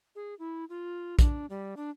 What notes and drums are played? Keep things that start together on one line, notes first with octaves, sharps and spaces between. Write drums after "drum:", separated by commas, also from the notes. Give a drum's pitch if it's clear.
G#4
E4
F4
D4, drum: kick A#1, hi-hat
G3
D4